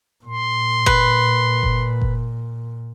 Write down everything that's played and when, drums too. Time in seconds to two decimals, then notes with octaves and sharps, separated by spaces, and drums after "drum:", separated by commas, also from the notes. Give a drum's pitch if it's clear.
0.25 A#2 C6
0.86 B4, drum: kick F#1
1.63 drum: kick F#1
2.01 drum: kick F#1